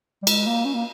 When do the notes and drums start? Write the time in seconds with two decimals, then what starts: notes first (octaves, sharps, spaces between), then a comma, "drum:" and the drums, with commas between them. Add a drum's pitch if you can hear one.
0.22 G3
0.27 G#3, drum: cymbal
0.47 A#3
0.65 C#4
0.74 A#3